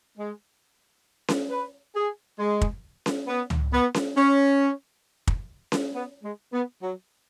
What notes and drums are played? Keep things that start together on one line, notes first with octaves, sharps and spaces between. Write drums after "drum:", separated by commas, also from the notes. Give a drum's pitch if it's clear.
G#3
drum: snare C#4
B4
G#4
G#3
drum: kick
drum: snare C#4
B3
drum: tom C#2
B3
drum: snare C#4
C#4
drum: kick
drum: snare C#4
B3
G#3
B3
F#3